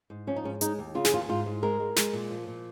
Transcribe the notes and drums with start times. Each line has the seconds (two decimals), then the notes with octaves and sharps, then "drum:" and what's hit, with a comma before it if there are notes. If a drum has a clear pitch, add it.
0.10 G#2
0.27 F3 C#4
0.36 D#4
0.44 G#2 C#4
0.61 G#3 D#4, drum: hi-hat
0.79 D#2
0.95 C#3 F4
1.05 G#4, drum: snare
1.12 D#2 F4
1.29 G#2 F4
1.46 G#2
1.63 G#3 A#4
1.80 G#3
1.96 G#3, drum: snare
2.13 A#2
2.30 F3
2.47 A#2